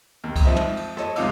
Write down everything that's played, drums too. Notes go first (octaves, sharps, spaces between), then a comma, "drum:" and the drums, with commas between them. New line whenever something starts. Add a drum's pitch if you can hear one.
D#2
drum: kick C2, cymbal
F2 F3 C4 D#5 E5
drum: tom
drum: cymbal
A4 C#5 D#5, drum: rim click
C#2 C3 D#4 F4 D6 E6, drum: cymbal